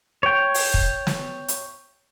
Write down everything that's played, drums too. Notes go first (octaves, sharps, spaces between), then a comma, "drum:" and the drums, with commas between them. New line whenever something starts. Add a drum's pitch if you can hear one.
C#5 G5
drum: open hi-hat
drum: kick
drum: snare
drum: hi-hat